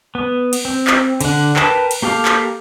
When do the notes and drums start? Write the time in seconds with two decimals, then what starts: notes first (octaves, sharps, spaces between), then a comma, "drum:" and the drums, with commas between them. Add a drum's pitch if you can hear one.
0.15 B3
0.53 drum: cymbal
0.65 C4
0.87 drum: clap
1.21 D3 F#5, drum: cymbal
1.56 A#4 B4 G5 A5, drum: clap
1.91 drum: cymbal
2.02 A#3 G4 A4 F5
2.25 drum: clap